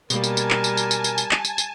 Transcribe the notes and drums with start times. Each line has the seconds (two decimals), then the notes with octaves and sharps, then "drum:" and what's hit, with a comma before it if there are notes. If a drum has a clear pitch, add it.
0.10 B2 G3 A#3 A#4 G#5 A5, drum: tambourine
0.24 drum: tambourine
0.37 drum: tambourine
0.51 drum: clap
0.64 drum: tambourine
0.77 drum: tambourine
0.91 drum: tambourine
1.04 drum: tambourine
1.18 drum: tambourine
1.31 drum: clap
1.45 drum: tambourine
1.58 drum: tambourine